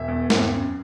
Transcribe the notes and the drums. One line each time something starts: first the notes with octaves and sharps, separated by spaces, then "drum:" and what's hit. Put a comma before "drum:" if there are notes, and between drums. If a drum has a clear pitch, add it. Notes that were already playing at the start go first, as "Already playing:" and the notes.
Already playing: E1 E5
E2
G#1, drum: snare
F#2